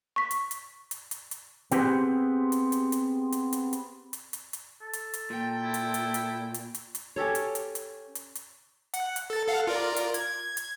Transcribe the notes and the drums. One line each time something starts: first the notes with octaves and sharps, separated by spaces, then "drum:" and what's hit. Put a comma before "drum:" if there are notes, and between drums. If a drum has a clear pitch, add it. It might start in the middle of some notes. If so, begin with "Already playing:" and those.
C#6 B6
drum: hi-hat
drum: hi-hat
drum: hi-hat
drum: hi-hat
drum: hi-hat
B3 C4 G4 G#4 B4 C5, drum: hi-hat
drum: hi-hat
drum: hi-hat
drum: hi-hat
drum: hi-hat
drum: hi-hat
drum: hi-hat
drum: hi-hat
drum: hi-hat
drum: hi-hat
A4
drum: hi-hat
drum: hi-hat
A#2 G5
E4
drum: hi-hat
drum: hi-hat
drum: hi-hat
drum: hi-hat
drum: hi-hat
drum: hi-hat
C#4 G4 A4 C#5
drum: hi-hat
drum: hi-hat
drum: hi-hat
drum: hi-hat
drum: hi-hat
F#5, drum: hi-hat
drum: hi-hat
A4 A6
A4 F5 F#5
F4 A#4 D5
drum: hi-hat
G#6, drum: hi-hat
drum: hi-hat